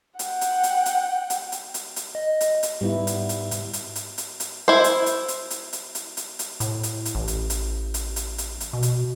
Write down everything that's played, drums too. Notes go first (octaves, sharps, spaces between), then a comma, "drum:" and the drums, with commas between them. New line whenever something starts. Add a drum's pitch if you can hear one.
F#5 G5, drum: hi-hat
drum: hi-hat
drum: hi-hat
drum: hi-hat
drum: hi-hat
drum: hi-hat
drum: hi-hat
drum: hi-hat
D#5
drum: hi-hat
drum: hi-hat
G#2 G3 B3 E4
drum: hi-hat
drum: hi-hat
drum: hi-hat
drum: hi-hat
drum: hi-hat
drum: hi-hat
drum: hi-hat
E4 C5
drum: hi-hat
drum: hi-hat
drum: hi-hat
drum: hi-hat
drum: hi-hat
drum: hi-hat
drum: hi-hat
drum: hi-hat
A2, drum: hi-hat
drum: hi-hat
drum: hi-hat
A1
drum: hi-hat
drum: hi-hat
drum: hi-hat
drum: hi-hat
drum: hi-hat
drum: hi-hat
B2
drum: hi-hat